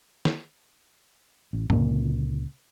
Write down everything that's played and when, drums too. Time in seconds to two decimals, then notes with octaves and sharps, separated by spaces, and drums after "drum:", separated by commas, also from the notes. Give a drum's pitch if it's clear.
0.25 drum: snare
1.53 A1
1.70 C#2 A#2 D3 A#3, drum: tom G2